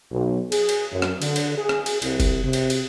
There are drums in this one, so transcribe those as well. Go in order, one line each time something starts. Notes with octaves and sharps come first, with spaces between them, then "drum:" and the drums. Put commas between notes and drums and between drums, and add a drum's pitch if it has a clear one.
B1
G#4, drum: cymbal
drum: cymbal
F#2
drum: rim click
D3, drum: cymbal
drum: cymbal
G#4
drum: rim click
drum: cymbal
C2, drum: cymbal
drum: kick, cymbal
C3
drum: cymbal
drum: cymbal